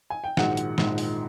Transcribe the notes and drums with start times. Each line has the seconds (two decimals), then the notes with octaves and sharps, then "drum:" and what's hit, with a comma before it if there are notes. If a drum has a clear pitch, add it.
0.10 G#5
0.24 G5
0.37 A#1 G#2 D#3 G#3 F#4 F#5, drum: snare
0.57 drum: hi-hat
0.78 A#1 G#2 D#3 G#3, drum: snare
0.98 drum: open hi-hat